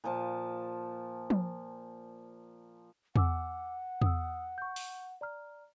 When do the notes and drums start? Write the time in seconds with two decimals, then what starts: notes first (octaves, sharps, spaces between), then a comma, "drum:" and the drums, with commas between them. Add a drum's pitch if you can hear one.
0.04 A#2 F3 A5
1.30 drum: tom F3
3.16 F#5 G#5 D6 E6, drum: tom E2
4.02 D#6 E6, drum: tom E2
4.58 C#6 G6
4.76 drum: open hi-hat
5.21 D5 A#5 F6